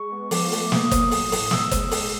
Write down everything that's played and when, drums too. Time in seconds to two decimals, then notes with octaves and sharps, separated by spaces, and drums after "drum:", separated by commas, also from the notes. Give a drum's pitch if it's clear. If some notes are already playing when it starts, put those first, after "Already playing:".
Already playing: G#3 C#6
0.12 B3
0.31 F3 D6, drum: open hi-hat
0.52 A3, drum: open hi-hat
0.72 A#3 D#6, drum: snare
0.91 A#3, drum: kick F#1, hi-hat
1.11 F#3 D#6, drum: open hi-hat
1.32 A2, drum: open hi-hat
1.51 G#3 E6, drum: snare
1.71 G#3, drum: kick F#1, hi-hat
1.91 G#3, drum: open hi-hat